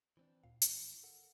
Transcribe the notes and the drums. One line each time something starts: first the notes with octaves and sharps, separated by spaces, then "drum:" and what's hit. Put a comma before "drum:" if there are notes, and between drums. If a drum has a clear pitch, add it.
E3 C4 D4
D2 A#2 F5
D#2 A2 E3, drum: hi-hat
A4 A#4 F#5